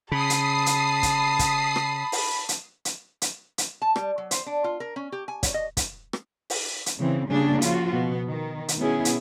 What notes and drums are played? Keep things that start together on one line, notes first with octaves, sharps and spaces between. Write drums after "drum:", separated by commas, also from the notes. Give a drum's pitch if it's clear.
C#3 A5 B5 D#6 C7
drum: hi-hat
drum: hi-hat
drum: kick, hi-hat
drum: kick, hi-hat
drum: rim click
drum: open hi-hat
drum: hi-hat
drum: hi-hat
drum: hi-hat
drum: hi-hat
A5
G3, drum: rim click
F#3
C5, drum: hi-hat
D4
F4
A#4
C#4
G4
G#5
C#5, drum: kick, hi-hat
D#5
drum: kick, hi-hat
drum: rim click
drum: open hi-hat
drum: hi-hat
C#3 E3 C4
C#3 G3 A#3 D4 G#4
F3 F4 F#4, drum: hi-hat
B2 B3
D#3
drum: hi-hat
B2 B3 C#4 E4 G#4
drum: hi-hat